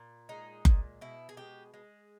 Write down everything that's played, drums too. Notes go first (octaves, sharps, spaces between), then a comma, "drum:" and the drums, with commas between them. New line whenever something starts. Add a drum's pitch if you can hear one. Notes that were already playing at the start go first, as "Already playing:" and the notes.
Already playing: A#2
G#3 D#4
A#2, drum: kick F#1
B2 E4
G#4
G#3 G4
G#3